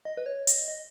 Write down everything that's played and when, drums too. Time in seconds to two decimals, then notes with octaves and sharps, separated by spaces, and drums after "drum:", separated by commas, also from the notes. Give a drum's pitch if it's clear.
0.05 D#5
0.17 B4
0.26 C#5
0.47 D#5, drum: hi-hat
0.68 D#5